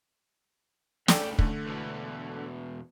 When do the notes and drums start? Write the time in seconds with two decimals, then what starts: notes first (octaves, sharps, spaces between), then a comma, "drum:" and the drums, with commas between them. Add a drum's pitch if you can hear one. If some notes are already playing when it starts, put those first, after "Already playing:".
1.08 A2 C#3 A4 D5 G5, drum: snare
1.39 D3 A3, drum: kick
1.66 E2 B2